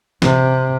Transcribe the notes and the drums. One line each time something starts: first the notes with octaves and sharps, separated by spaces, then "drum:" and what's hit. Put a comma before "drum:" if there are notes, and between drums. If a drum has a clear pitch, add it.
C3, drum: snare E3